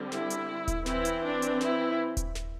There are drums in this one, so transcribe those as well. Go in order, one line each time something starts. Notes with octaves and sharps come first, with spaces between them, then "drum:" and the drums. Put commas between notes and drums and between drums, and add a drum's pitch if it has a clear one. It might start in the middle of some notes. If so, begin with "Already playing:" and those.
Already playing: D3 G3 C4
E4, drum: snare
drum: hi-hat
drum: kick D#1, hi-hat
E3 C4 E4, drum: snare
drum: hi-hat
D4
drum: hi-hat
E4, drum: snare
drum: kick D#1, hi-hat
drum: snare